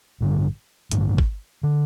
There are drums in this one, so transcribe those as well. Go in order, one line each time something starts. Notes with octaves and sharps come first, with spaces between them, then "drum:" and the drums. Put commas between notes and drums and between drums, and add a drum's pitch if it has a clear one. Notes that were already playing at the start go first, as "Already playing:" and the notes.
A1 G2 D3
A1 G2 D3, drum: hi-hat
drum: kick
D3